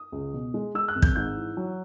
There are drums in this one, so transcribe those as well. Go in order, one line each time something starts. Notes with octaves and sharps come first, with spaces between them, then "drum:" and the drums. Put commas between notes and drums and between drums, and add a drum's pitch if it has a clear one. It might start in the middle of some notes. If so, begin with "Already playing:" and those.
Already playing: D#6
C#2
B2
G#3
G#3 E6
F#6
G#1
G6, drum: kick
G#2 G6
E3
F#3